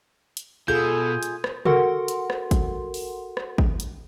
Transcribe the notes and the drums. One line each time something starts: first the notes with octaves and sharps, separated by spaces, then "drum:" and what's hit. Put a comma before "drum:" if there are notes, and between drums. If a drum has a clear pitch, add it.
drum: hi-hat
B2 F4 G#4 A4 G6
drum: hi-hat
drum: rim click
F#4 A4 A#4 F#5 C6, drum: tom C3
drum: hi-hat
drum: rim click
drum: kick G#1, hi-hat
drum: open hi-hat
drum: rim click
drum: kick G#1
drum: hi-hat